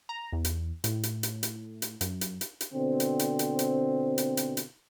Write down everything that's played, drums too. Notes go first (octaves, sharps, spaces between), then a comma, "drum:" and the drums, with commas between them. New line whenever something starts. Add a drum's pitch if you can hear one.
A#5
E2
drum: hi-hat
A2, drum: hi-hat
drum: hi-hat
drum: hi-hat
drum: hi-hat
drum: hi-hat
F#2, drum: hi-hat
drum: hi-hat
drum: hi-hat
drum: hi-hat
B2 D3 C4
drum: hi-hat
drum: hi-hat
drum: hi-hat
drum: hi-hat
drum: hi-hat
drum: hi-hat
drum: hi-hat